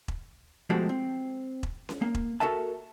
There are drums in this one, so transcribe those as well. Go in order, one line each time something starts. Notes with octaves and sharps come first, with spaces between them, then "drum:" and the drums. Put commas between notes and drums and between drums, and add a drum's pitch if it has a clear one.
drum: kick E1
B2 F3 G#3 A3 F#4 G4
C4
drum: kick E1
drum: snare C#4
A#3
drum: kick E1
F#4 A4 A#4 E5 A5